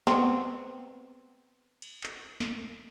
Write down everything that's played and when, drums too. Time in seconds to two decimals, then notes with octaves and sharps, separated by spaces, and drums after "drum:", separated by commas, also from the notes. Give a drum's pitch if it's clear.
0.07 B3 C4, drum: snare
1.82 drum: cymbal
2.03 drum: clap
2.40 drum: snare